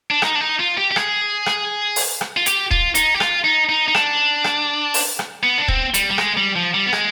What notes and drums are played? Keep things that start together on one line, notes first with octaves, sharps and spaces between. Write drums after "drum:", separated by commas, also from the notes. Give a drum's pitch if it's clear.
D4
D#4, drum: rim click
D4
D#4
F4
G4
G4
G#4, drum: rim click
drum: rim click
drum: open hi-hat
drum: rim click
F4
G4, drum: hi-hat
F4, drum: kick D#1
D#4, drum: hi-hat
G4
F4, drum: rim click
D#4
D#4
D#4
D4, drum: rim click
drum: rim click
drum: open hi-hat
drum: rim click
B3
D4
C4, drum: kick D#1
G3, drum: hi-hat
G3
G#3, drum: rim click
G3
F3
G3
B3
G#3, drum: rim click